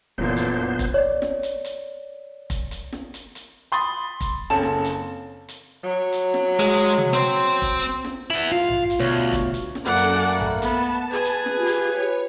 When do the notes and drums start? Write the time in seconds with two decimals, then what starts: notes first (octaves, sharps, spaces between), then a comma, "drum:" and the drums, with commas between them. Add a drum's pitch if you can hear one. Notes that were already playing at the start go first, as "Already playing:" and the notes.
0.18 F1 F#2 A#2 D3 E3 B3 C5
0.36 drum: hi-hat
0.79 drum: kick F1, hi-hat
0.94 C#5 D5
1.22 drum: snare
1.43 drum: hi-hat
1.64 drum: hi-hat
2.50 drum: kick F1, hi-hat
2.71 drum: hi-hat
2.92 drum: snare
3.14 drum: hi-hat
3.35 drum: hi-hat
3.72 B5 C6 D#6 A6
4.20 drum: kick F1, hi-hat
4.50 F#1 C4 C#4 A4 A5 E7
4.63 drum: snare
4.84 drum: hi-hat
5.48 drum: hi-hat
5.84 F#3
6.12 drum: hi-hat
6.34 drum: snare
6.60 G#3
6.76 drum: hi-hat
6.98 drum: tom C3
7.13 C4 C5
7.62 drum: kick F1, hi-hat
7.83 drum: hi-hat
8.04 drum: snare
8.30 B3 E4
8.52 F4 F5
8.68 drum: tom A#1
8.90 drum: hi-hat
9.00 D2 B2 C#5 F5
9.32 drum: kick F1, hi-hat
9.54 drum: hi-hat
9.75 drum: snare
9.85 F#2 A3 A#3 A4 D5 F#5 G#5
9.96 drum: hi-hat
10.24 B5
10.39 drum: tom A#1
10.62 B3 A5, drum: hi-hat
11.11 G#4 B4 G#5
11.24 drum: hi-hat
11.46 drum: snare
11.55 F4 G4
11.67 drum: hi-hat
11.88 C#5